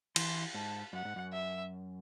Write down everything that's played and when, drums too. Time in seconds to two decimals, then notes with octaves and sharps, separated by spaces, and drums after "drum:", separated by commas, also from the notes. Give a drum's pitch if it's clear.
0.16 E3 C6, drum: cymbal
0.54 G#2 A5
0.93 F#2 F#5
1.05 G#2
1.16 F#2
1.33 E5